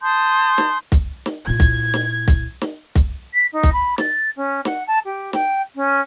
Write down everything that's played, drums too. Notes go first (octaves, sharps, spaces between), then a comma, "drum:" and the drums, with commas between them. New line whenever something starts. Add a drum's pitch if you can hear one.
A5 C6 D#6 G6
drum: snare
drum: kick, hi-hat
drum: snare
A#2 E4 G#6
drum: kick, hi-hat
drum: snare
drum: kick, hi-hat
drum: snare
drum: kick, hi-hat
B6
D#4
drum: kick, hi-hat
B5
A6, drum: snare
C#4
F#5, drum: snare
A5
G4
G5, drum: snare
C#4